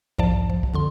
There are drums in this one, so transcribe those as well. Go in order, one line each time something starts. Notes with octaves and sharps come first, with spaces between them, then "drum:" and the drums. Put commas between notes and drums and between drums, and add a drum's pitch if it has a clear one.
B1 E2 G#2 F3 D5 A5
F3
drum: kick
F2 D3 C6